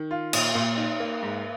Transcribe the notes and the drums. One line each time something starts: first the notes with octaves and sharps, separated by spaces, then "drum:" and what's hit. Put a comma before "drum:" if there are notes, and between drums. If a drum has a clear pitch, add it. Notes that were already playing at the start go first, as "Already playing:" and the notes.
Already playing: D#3
F4
A#2, drum: cymbal
A#2
D#4
A#3
G#2